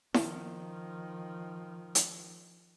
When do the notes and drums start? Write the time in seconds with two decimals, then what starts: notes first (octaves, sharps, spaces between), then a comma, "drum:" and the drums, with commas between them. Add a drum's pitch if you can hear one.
0.14 D#3 F3, drum: snare E4
1.95 drum: hi-hat